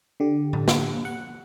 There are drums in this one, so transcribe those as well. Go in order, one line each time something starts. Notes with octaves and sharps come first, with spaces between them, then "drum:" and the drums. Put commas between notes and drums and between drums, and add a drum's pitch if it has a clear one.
D3 G4
drum: tom A2
drum: snare
F#5